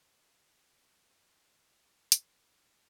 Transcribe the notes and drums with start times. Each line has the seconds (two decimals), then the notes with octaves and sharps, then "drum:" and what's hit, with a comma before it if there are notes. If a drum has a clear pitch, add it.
0.06 C#3 F#3 A3 C4 G4
0.54 G4 A#4
0.83 F#4 C#5 D#5 F5 F#5 A#5
1.34 C#4 D4 G5 B5 D6 D#6
1.66 B2 D3
2.12 drum: hi-hat
2.34 A#4 D5 D#5 F#5 A5